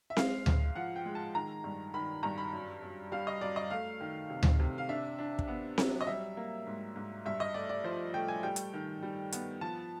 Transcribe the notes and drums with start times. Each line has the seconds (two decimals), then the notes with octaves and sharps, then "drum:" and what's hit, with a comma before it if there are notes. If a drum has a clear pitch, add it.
0.10 E5
0.17 G#3 F5, drum: snare C4
0.46 G#2, drum: tom D2
0.76 F3 F#5
0.96 G5
1.06 G#3
1.15 A5
1.34 D#3 A#5
1.64 G2
1.94 D#3 B5
2.23 G2 A#5
2.38 B5
2.53 F#2
2.82 F#2
3.12 G3 F5
3.27 D#5
3.41 F#2 D5
3.56 D#5
3.70 A3 F5
4.00 D#3
4.30 C3
4.43 drum: tom D2
4.60 C3
4.78 F5
4.89 D4 E5
5.19 D4
5.39 drum: kick
5.48 B3
5.78 F#3, drum: snare C4
6.01 D#5
6.07 G3 E5
6.37 A#3
6.67 G#2
6.96 G#2
7.26 G2 E5
7.40 D#5
7.54 A3 D5
7.69 D5
7.84 F3 C5
8.14 A3 G5
8.28 G#5
8.43 G3 G5
8.56 drum: hi-hat
8.74 D#3
9.02 G3
9.32 B3, drum: hi-hat
9.61 F3 A5